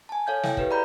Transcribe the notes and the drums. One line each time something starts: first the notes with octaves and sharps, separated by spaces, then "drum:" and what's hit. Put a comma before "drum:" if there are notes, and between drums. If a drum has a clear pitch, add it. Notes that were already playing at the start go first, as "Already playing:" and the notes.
G#5 A5
A4 C#5 F5 G6 G#6
E4 A4 E5 F5 G5, drum: snare
G4 B4 F5, drum: kick
G#4 D5 A#5 B5 G6